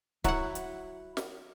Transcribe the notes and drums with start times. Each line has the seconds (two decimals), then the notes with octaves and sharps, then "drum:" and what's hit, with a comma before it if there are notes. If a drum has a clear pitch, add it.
0.24 F#3 E4 F#5, drum: kick C#1, hi-hat
0.55 drum: hi-hat
1.17 drum: snare